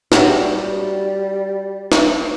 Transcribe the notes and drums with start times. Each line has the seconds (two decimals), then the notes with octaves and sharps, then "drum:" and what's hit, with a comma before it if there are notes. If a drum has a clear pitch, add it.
0.12 F#3 F#4 G4, drum: snare
0.35 G3
1.92 drum: snare